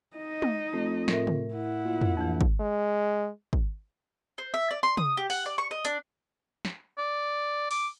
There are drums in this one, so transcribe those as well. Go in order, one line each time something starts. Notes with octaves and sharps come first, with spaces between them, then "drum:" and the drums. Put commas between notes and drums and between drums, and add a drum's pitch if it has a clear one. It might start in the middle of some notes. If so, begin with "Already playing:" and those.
D#4 D#5
drum: tom
F2 A3
A2 A#4 E5, drum: snare
drum: tom
E4 F#5
A#2
drum: tom
A#1 F2 E3
drum: kick
G#3
drum: kick
C5
E5
D5
C6
D#6, drum: tom
G4
F#5, drum: open hi-hat
D5
C#6
D#5
D4, drum: hi-hat
drum: snare
D5
D6, drum: open hi-hat